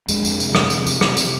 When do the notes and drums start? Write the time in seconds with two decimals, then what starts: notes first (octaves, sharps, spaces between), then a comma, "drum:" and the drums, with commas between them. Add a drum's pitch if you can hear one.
0.08 F2 G#3, drum: tambourine
0.25 F2, drum: tambourine
0.40 C3, drum: tambourine
0.55 F2, drum: rim click
0.70 C3, drum: tambourine
0.87 F2, drum: tambourine
1.01 C3, drum: rim click
1.17 C3, drum: tambourine